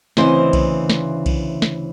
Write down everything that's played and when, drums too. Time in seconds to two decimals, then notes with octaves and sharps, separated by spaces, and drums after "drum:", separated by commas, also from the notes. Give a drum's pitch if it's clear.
0.17 D2 C#3 E3 C4 C5 D#5, drum: snare
0.53 drum: kick B1, cymbal
0.90 drum: snare
1.26 drum: kick B1, cymbal
1.62 drum: snare